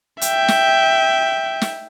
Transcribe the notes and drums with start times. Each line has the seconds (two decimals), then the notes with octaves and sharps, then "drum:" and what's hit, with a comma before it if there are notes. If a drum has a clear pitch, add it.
0.21 E5 G5, drum: hi-hat
0.48 drum: snare
1.61 drum: snare